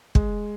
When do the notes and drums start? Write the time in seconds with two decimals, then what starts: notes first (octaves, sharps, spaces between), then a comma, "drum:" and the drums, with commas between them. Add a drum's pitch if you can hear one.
0.15 G#3, drum: kick